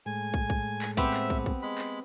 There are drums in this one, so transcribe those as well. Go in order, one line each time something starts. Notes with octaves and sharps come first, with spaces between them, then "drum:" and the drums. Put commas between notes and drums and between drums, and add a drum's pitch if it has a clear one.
A2 G#3 G#5
drum: kick
drum: kick
drum: clap
B3 C4 G4 E5, drum: kick
drum: clap
drum: kick
drum: kick
G#3 B5
drum: clap